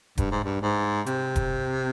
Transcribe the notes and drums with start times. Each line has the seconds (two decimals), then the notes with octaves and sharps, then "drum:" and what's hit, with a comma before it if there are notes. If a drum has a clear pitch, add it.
0.18 G2, drum: kick E1, hi-hat
0.31 G#2
0.44 G2
0.62 G#2
1.06 C3, drum: hi-hat
1.36 drum: kick E1, hi-hat